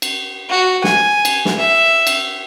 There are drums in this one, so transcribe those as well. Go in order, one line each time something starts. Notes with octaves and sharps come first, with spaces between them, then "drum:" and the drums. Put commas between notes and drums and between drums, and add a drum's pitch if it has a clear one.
drum: cymbal
F#4
G#5, drum: snare
drum: cymbal
drum: snare
E5
drum: cymbal